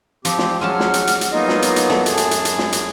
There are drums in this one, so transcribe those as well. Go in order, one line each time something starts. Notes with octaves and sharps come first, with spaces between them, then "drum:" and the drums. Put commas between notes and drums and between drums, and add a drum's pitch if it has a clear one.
F3 C4 G4, drum: hi-hat
drum: snare
F#3 G#3 C#4 F#5 A5 F6
drum: snare
drum: hi-hat
drum: hi-hat
drum: hi-hat
F#3 A#3 B3 D#4 F4 D#5
drum: snare
drum: hi-hat
drum: hi-hat
A3, drum: snare
F#2 G#4 A5, drum: hi-hat
drum: hi-hat
drum: hi-hat
drum: hi-hat
drum: snare
drum: hi-hat